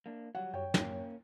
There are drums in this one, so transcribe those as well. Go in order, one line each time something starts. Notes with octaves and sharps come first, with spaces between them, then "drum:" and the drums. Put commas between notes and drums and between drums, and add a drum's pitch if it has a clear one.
A#3 D4
F#3 G3 F#5
F#2 C#5 G5
A#3 C#4, drum: snare